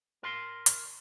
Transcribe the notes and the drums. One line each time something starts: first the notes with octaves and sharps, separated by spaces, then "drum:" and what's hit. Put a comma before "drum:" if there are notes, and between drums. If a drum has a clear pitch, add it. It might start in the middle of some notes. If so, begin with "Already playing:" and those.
A#4 C6
drum: hi-hat